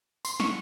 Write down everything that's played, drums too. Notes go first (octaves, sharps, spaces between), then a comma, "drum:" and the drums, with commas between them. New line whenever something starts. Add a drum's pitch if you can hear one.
C6, drum: tambourine
C#6, drum: snare